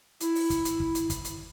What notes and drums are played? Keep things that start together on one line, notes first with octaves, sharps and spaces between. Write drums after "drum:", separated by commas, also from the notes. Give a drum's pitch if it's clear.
E4, drum: hi-hat
drum: open hi-hat
drum: kick, hi-hat
drum: hi-hat
drum: kick
drum: hi-hat
drum: kick, hi-hat
drum: hi-hat